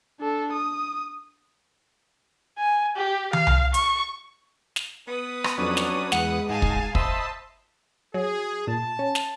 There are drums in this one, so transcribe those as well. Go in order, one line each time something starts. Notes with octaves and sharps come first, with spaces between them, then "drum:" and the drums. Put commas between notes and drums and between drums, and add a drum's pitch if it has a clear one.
D4 A4
D#6
G#5
G4
F5, drum: tom
drum: tom C2
C#6, drum: hi-hat
drum: snare
B3 B4 D#6
drum: rim click
F2 F#3 C#4 D4
drum: snare
E2 G#3 F#5, drum: snare
G#2 D#4 F5 F#5 G#5 A5
drum: kick
C5 D#5 E5 A5 B5 C6, drum: kick
F#3 G#4
A#2 A5
C#4
drum: snare